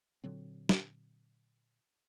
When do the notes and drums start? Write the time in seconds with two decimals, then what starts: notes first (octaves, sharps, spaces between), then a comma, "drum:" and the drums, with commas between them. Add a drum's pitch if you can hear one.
0.24 A#2 D3 F#3 C4
0.69 drum: snare